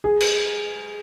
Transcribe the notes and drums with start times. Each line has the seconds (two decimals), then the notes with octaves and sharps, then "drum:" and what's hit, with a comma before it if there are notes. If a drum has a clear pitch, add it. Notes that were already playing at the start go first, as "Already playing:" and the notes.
0.04 G#4
0.20 drum: cymbal